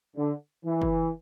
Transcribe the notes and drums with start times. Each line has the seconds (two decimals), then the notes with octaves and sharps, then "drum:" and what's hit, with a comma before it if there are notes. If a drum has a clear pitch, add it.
0.17 D3
0.65 E3
0.82 drum: kick